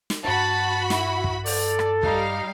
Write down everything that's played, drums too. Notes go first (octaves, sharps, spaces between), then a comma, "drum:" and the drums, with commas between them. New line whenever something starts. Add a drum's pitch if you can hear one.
drum: snare
G2 D4 F#4 A5 B5
E4, drum: snare
drum: kick
A4 D5, drum: open hi-hat
drum: rim click
G3 D#4 F5, drum: kick